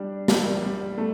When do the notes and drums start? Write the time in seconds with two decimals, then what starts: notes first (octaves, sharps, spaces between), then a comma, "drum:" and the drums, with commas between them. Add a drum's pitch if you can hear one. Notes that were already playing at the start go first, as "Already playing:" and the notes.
Already playing: G3 D4
0.28 G3, drum: snare
0.63 G3
0.98 A3